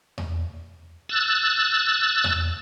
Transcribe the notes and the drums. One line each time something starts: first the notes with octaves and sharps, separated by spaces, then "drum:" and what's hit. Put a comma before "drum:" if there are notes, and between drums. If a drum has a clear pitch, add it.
drum: tom E2
E6 F#6 A6
drum: tom E2